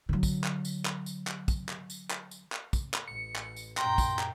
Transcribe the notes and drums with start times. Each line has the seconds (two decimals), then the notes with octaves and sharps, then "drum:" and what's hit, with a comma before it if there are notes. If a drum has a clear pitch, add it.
0.09 D3 F#3
0.23 drum: kick, tambourine
0.44 drum: clap
0.65 drum: tambourine
0.86 drum: clap
1.06 drum: tambourine
1.27 drum: clap
1.48 drum: kick, tambourine
1.69 drum: clap
1.90 drum: tambourine
2.11 drum: clap
2.31 drum: tambourine
2.52 drum: clap
2.73 drum: kick, tambourine
2.94 drum: clap
3.08 A1 C#7
3.36 drum: clap
3.56 drum: tambourine
3.77 F#2 A#2 G5 A#5 C6, drum: clap
3.98 drum: kick, tambourine
4.19 drum: clap